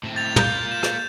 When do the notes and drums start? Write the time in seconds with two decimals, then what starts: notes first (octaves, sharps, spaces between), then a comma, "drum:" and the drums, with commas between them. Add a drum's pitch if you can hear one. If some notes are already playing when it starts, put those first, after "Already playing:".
0.03 A2 C4
0.16 A6 F7
0.36 A#3 F4 G6, drum: tom
0.71 E7
0.83 drum: rim click